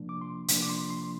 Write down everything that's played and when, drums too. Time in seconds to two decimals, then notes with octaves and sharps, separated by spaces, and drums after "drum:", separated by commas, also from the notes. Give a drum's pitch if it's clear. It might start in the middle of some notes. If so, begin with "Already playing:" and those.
Already playing: C3 F3 A#3 D4
0.09 D6
0.21 C6
0.48 C3 F3 A#3 D4, drum: hi-hat
0.62 D6
0.69 C6
0.90 C6